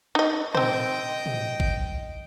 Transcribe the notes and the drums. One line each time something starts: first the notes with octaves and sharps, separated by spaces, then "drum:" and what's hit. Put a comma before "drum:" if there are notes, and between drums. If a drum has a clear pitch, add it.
D#4 D#5
C4 C5 D#5 G5, drum: tom
drum: tom
drum: kick G#1